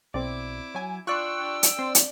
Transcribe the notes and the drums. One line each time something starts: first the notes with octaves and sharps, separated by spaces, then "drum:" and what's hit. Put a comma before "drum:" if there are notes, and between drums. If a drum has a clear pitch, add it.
B1 C4 E4 D5 D6
F#3 G#5
D4 F4 D5 G5 C6 C#6 E6 F#6
D4 G4
drum: hi-hat
C4 C5 D5
drum: hi-hat